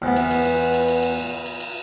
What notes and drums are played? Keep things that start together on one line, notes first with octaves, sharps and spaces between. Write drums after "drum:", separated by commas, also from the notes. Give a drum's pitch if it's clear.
E2 B3
drum: cymbal
drum: cymbal
drum: cymbal
drum: cymbal
drum: cymbal
drum: cymbal
drum: cymbal
drum: cymbal